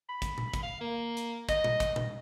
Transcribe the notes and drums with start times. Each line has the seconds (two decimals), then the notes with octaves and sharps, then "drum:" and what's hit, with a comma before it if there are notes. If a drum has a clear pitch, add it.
0.09 B5
0.22 drum: kick, hi-hat
0.38 drum: tom A#2
0.54 drum: kick, hi-hat
0.63 F5
0.81 A#3
1.17 drum: hi-hat
1.49 D#5, drum: kick, hi-hat
1.64 drum: tom A#2
1.80 drum: kick, hi-hat
1.96 drum: tom A#2